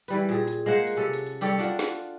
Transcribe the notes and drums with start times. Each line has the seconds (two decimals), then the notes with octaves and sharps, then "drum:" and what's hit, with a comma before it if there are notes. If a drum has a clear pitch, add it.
0.08 E3 G3 B4, drum: hi-hat
0.29 A#2 G#4
0.48 drum: hi-hat
0.66 G#3 A#3 C5 F#5
0.87 drum: hi-hat
0.97 C3 C#4 A4
1.13 drum: hi-hat
1.27 drum: hi-hat
1.41 G3 G4 A4 C#5, drum: hi-hat
1.58 D4 F4 F#4
1.79 drum: snare
1.92 drum: hi-hat